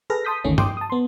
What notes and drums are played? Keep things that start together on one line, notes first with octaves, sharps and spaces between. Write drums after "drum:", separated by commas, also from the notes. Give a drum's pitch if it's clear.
G#4 A4 B4 F6 A#6
A5 C6 D#6 G6 B6
G1 D2 D#3 A3 C#4
G5 C6 D6 D#6, drum: tom G2
A5 D#6
B3 C6